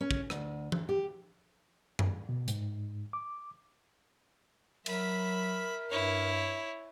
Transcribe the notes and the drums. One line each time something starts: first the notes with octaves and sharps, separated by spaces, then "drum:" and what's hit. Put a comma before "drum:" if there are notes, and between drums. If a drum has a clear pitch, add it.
C#4
drum: kick
D2, drum: rim click
drum: tom E3
G4
F#2, drum: tom F#2
B2
G#2, drum: hi-hat
D6
F#3 A#4 E5 B5, drum: cymbal
G2 E4 C#5